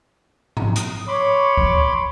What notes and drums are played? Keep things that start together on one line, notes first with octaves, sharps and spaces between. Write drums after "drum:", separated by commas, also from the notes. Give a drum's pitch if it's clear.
drum: tom G#2
D#6, drum: hi-hat
C#5 B5 C6 D6
drum: kick C#2